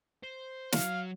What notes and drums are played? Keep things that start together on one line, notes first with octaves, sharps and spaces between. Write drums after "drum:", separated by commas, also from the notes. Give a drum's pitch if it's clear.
C5
F#3 F5, drum: snare